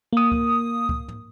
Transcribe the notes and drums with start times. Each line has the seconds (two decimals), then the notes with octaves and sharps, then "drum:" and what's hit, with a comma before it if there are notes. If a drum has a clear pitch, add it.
0.13 A#3 D#6
0.32 drum: kick C#2
0.89 drum: kick C#2
1.08 drum: tom